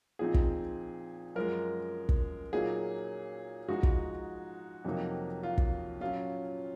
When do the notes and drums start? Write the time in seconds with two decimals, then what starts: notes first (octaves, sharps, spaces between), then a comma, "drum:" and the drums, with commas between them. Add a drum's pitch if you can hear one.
0.19 A#2 F3 C4 D#4 G#4
0.34 drum: kick
1.35 F#2 F3 G#3 A#4
2.09 drum: kick
2.53 A#2 F#3 A#3 D#4 G#4
3.68 G#2 F3 G#3 D#4 F#4
3.83 drum: kick
4.85 F2 C3 F#3 A#3 D#4
5.43 F4
5.58 drum: kick
6.01 A#2 F#3 C#4 F4